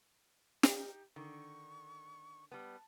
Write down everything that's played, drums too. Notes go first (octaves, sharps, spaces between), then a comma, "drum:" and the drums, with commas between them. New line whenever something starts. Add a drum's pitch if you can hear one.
D#4 G4, drum: snare
D3 D#3 C#6
G3 B3 A5